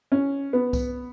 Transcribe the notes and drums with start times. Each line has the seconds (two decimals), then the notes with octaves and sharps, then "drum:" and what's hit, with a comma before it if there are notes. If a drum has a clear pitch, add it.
0.12 C#4
0.53 B3
0.73 drum: kick C2, tambourine